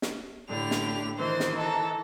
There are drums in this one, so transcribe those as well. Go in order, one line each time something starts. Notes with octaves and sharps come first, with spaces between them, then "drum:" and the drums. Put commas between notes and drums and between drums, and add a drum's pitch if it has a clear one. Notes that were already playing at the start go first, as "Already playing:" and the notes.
drum: snare
A2 D3 D4 G4 F7
drum: snare
D#3 E3 C5 C6
drum: snare
A4 A#5